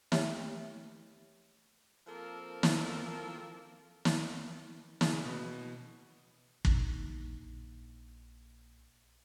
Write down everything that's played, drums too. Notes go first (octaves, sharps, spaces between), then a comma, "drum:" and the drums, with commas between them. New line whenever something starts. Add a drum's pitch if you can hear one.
A3 G4 C#5 E5, drum: snare
F3 A#3 C4 A4 A#4
drum: snare
drum: snare
C#3, drum: snare
B2
A#1 D#4, drum: kick